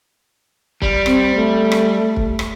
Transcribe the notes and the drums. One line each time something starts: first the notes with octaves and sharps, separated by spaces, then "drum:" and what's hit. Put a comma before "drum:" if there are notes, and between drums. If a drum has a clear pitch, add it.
G3, drum: kick
C4, drum: rim click
A3
drum: rim click
drum: kick
drum: rim click